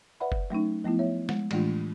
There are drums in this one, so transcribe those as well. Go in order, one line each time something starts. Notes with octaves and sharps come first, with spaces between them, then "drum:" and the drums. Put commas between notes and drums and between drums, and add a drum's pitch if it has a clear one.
B4 D5 E5 F#5 B5
drum: kick F#1
F#3 A3 C#4 D#4
F3 A3 B3 E4
C#5 E5
G#3, drum: snare
A2 E3 G#3 A3 D4 F4, drum: cymbal